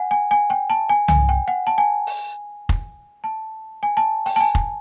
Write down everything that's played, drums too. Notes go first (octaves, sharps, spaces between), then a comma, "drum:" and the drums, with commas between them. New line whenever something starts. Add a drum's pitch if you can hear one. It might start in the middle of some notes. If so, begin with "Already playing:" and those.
Already playing: F#5 G#5
G#5
G#5
G5
A5
G#5
G#5, drum: tom C2
G5
F#5
A5
G#5
drum: open hi-hat
drum: kick F1
A5
G#5
A5
G5, drum: open hi-hat
A5
G#5
drum: kick F1